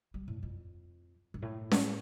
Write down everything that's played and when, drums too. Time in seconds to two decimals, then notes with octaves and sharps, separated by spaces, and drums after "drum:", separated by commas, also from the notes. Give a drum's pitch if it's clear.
0.14 G3
0.28 A2
0.43 F2
1.34 G2
1.42 A2
1.72 drum: snare C#4